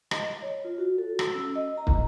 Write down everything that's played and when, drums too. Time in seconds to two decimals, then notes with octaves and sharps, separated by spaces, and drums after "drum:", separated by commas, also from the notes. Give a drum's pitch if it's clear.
0.11 D#5, drum: rim click
0.42 C#5
0.65 F4
0.78 F#4
0.98 A4
1.19 E6, drum: rim click
1.35 C#4
1.56 D#5
1.78 A#5
1.87 drum: kick